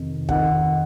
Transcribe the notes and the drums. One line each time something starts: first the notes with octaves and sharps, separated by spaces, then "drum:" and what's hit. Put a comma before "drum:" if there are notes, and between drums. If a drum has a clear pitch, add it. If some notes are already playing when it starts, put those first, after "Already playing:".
Already playing: F2 C3 D#3
F2 D#3 F#5, drum: kick